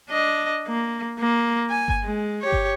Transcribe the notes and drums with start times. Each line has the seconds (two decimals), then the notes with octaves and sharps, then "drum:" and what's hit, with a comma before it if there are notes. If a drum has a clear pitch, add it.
0.11 D4 D#5
0.67 A#3
1.19 A#3
1.70 G#5
1.88 drum: kick G1
2.04 G#3
2.42 G4 C#5
2.52 drum: kick G1